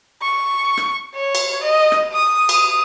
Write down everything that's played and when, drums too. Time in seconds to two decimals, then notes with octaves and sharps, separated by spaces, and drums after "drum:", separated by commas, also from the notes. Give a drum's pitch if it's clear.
0.22 C#6
0.77 drum: rim click
1.15 C#5
1.35 drum: cymbal
1.63 D#5
1.92 drum: rim click
2.12 D#6
2.49 drum: cymbal